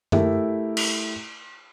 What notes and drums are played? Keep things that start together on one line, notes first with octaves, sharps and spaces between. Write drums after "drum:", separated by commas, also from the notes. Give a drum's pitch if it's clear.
A3 E4 G4 A#4 E5, drum: tom F#2
drum: cymbal